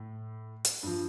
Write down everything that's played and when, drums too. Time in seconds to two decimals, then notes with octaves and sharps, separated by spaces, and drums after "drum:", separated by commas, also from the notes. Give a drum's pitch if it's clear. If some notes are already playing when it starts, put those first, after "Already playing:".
Already playing: A2
0.65 drum: hi-hat
0.83 G2 F3